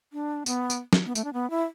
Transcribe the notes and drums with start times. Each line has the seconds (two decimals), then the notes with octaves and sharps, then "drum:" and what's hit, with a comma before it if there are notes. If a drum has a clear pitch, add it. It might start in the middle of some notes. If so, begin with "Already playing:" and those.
0.13 D4
0.46 B3, drum: tambourine
0.70 drum: tambourine
0.93 drum: snare
1.06 B3
1.15 A3, drum: tambourine
1.24 D4
1.33 B3
1.50 E4